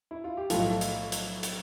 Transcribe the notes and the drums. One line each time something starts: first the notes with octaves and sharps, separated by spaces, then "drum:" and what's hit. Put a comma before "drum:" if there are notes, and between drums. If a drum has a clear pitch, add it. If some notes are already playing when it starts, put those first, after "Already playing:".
E4
F4
G4
B1 A2 F3 F4 A4, drum: hi-hat
drum: hi-hat
drum: hi-hat
drum: hi-hat